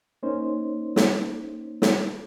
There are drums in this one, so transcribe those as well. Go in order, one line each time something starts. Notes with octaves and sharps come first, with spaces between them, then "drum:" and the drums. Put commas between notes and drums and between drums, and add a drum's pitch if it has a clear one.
A#3 C#4 D#4 C5
drum: snare
drum: snare